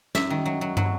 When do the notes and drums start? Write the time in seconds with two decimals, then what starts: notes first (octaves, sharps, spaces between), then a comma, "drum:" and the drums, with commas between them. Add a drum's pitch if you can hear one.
0.15 F#2 E5, drum: snare
0.30 D#3
0.46 F#3
0.61 F#3
0.77 F#3, drum: tom